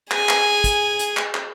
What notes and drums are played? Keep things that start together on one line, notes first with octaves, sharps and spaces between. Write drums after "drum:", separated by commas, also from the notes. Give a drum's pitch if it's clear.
G#4 G#5, drum: clap
drum: clap
drum: kick, hi-hat
drum: hi-hat
drum: clap
drum: clap